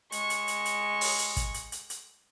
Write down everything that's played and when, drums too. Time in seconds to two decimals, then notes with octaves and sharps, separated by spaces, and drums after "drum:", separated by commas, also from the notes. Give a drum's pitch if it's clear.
0.12 G#3 C#6, drum: hi-hat
0.30 drum: hi-hat
0.48 drum: hi-hat
0.65 drum: hi-hat
1.01 drum: open hi-hat
1.19 drum: hi-hat
1.37 drum: kick, hi-hat
1.54 drum: hi-hat
1.72 drum: hi-hat
1.90 drum: hi-hat